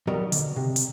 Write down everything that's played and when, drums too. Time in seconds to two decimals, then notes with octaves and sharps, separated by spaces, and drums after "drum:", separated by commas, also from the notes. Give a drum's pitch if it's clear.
0.07 D#2 B2 F#3 G3 A#4 D#5
0.32 D3, drum: hi-hat
0.56 C3
0.76 drum: hi-hat